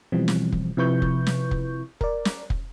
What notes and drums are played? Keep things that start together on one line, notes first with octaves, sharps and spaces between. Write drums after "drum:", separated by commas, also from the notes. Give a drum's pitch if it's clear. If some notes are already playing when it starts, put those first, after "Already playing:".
B2 E3 F3 G3 C4
drum: snare
drum: kick
C3 F3 E4 B4 C#6 G6
drum: kick
drum: snare
drum: kick
A#4 D5, drum: kick
drum: snare
drum: kick